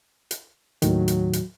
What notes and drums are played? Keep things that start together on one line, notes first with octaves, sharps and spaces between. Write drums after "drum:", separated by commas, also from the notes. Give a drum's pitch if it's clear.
drum: hi-hat
D#2 A2 D#3 F#3, drum: hi-hat
drum: hi-hat
drum: hi-hat